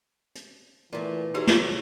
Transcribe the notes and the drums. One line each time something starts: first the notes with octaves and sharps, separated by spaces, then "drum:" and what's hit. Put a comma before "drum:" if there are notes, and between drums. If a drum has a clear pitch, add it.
drum: hi-hat
A#2 E3 A3
F#3 C#4 D#4 E4 G4 G#4
drum: snare